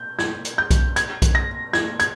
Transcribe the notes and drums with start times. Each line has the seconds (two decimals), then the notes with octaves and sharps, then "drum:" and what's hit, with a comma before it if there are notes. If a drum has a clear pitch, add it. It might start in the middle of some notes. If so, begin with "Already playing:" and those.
Already playing: G6
0.19 G#6, drum: snare
0.45 drum: hi-hat
0.58 G6
0.71 drum: kick B1, hi-hat
0.96 G#6, drum: hi-hat
1.22 drum: kick B1, hi-hat
1.35 A#6
1.73 G#6, drum: snare
2.00 G#6, drum: hi-hat